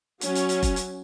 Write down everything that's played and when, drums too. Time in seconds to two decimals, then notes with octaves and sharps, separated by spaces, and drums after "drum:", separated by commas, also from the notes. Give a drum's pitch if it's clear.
0.21 F#3 C#4, drum: hi-hat
0.35 drum: hi-hat
0.49 drum: hi-hat
0.63 drum: kick F1, hi-hat
0.76 drum: hi-hat